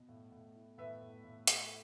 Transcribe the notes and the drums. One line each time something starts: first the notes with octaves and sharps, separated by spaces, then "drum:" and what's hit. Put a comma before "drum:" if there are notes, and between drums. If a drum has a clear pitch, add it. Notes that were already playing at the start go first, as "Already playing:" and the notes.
Already playing: B2
A2
A2
E4
A2 B4 E5
A2
A2
A3, drum: hi-hat